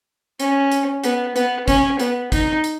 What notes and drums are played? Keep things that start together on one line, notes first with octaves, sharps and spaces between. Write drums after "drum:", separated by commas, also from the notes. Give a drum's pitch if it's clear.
C#4, drum: hi-hat
drum: hi-hat
B3, drum: hi-hat
B3, drum: hi-hat
C#4, drum: kick, hi-hat
B3, drum: hi-hat
D#4, drum: kick, hi-hat
drum: hi-hat